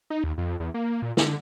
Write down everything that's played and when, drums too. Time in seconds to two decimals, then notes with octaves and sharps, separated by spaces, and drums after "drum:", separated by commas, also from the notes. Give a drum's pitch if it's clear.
0.10 D#4
0.24 D#2
0.38 F2
0.60 E2
0.74 A#3
1.02 A#2
1.17 D3, drum: snare